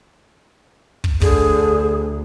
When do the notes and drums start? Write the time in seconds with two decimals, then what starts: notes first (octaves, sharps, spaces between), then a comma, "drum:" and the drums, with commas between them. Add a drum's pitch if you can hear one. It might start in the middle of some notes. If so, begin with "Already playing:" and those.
1.04 drum: kick
1.21 D2 D3 G#4, drum: kick